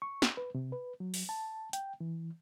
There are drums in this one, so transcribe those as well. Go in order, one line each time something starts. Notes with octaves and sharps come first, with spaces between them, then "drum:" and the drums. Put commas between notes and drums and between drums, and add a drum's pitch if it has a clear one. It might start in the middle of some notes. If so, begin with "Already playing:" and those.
C#6
drum: snare
B4
C3
B4
F#3
drum: open hi-hat
A5
G5, drum: hi-hat
E3